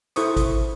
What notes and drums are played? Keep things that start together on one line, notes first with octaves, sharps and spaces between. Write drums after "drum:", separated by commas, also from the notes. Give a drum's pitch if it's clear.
E4 A4 C5 C#6 D#6, drum: hi-hat
drum: kick G#1, hi-hat